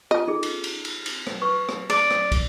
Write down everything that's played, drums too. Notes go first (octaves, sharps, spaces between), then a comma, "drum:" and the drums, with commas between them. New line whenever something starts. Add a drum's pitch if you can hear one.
F4 D#5 A5
D#4 G#4 A4
drum: cymbal
drum: cymbal
drum: cymbal
drum: cymbal
drum: rim click
B4 C#6
drum: rim click
D5, drum: cymbal
drum: rim click
drum: kick, cymbal